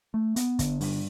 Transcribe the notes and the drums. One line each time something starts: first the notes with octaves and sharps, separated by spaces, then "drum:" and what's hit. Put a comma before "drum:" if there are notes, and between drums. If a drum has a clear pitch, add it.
A3
B3, drum: hi-hat
D3, drum: kick, hi-hat
G2, drum: open hi-hat